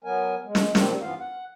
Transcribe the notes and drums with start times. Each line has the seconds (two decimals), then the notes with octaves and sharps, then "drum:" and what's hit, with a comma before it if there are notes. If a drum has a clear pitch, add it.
0.04 F#3 B3 A#4 G#5
0.45 G#3
0.55 drum: snare
0.75 C3 D#3 F3 G3 A#3 C4, drum: snare
1.01 G2 E3 B3 F4 F5
1.20 F#5